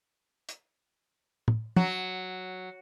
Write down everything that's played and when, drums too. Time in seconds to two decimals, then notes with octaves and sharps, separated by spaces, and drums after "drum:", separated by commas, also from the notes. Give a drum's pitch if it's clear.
0.49 drum: hi-hat
1.48 drum: tom
1.77 F#3, drum: tom